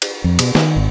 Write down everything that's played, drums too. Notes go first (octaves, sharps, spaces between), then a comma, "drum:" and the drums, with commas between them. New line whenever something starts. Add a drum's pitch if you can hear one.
drum: cymbal
F2
B2, drum: cymbal
D#3, drum: snare
G#1